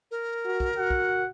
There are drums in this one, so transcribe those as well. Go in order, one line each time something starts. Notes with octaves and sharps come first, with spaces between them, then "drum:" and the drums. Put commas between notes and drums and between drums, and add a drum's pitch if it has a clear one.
A#4
F#4
drum: kick
F#4 F#5
drum: kick